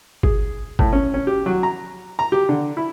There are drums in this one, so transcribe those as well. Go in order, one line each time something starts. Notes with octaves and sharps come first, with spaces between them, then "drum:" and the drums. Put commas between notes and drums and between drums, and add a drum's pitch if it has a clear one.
G#4, drum: kick G1
A2, drum: kick G1
C#4
C#4
G4
F#3
A#5
A#5
G4
D3
E4